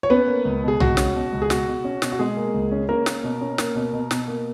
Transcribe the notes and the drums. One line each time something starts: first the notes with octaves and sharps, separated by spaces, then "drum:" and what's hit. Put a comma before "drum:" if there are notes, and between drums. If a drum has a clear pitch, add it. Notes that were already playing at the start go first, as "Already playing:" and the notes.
C#5
B3 C#4 B4
A#3
C#2
B2 G#4
C#2 F#4, drum: tom B1
C#4, drum: snare
B2
C#2
G#4
B2 F#4, drum: snare
B2
C#4
B2, drum: snare
F#4
B2 G#3 G#4
A#3
C#2
C#4
A#3 C#4 A#4
A#3, drum: snare
B2
C#4
A#3, drum: snare
B2
B2
B2, drum: snare
A#3